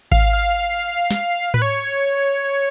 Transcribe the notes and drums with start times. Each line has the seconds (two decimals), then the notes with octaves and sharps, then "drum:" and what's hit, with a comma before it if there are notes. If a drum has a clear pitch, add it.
0.12 F5, drum: kick G#1
0.33 F5
1.11 drum: snare
1.54 B4, drum: tom A2
1.62 C#5